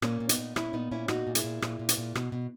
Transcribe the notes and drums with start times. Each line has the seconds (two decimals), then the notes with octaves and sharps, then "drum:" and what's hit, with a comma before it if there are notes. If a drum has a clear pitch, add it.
0.02 A#2 A#3 C#4, drum: rim click
0.20 A#2
0.29 B3 D#4, drum: hi-hat
0.38 A#2
0.56 A#2 C#4 E4, drum: rim click
0.73 A#2 B3 D#4
0.91 A#2 C#4 E4
1.08 A#2 D#4 F#4, drum: rim click
1.27 A#2
1.35 E4 G#4, drum: hi-hat
1.44 A#2
1.62 A#2, drum: rim click
1.79 A#2
1.89 drum: hi-hat
1.98 A#2
2.15 B2, drum: rim click
2.32 B2